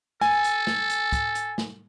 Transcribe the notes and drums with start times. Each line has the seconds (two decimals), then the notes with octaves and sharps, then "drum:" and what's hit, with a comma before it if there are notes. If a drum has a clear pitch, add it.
0.21 A4 G#5, drum: snare
0.44 drum: hi-hat
0.67 drum: snare
0.90 drum: hi-hat
1.12 drum: kick, hi-hat
1.35 drum: hi-hat
1.58 drum: snare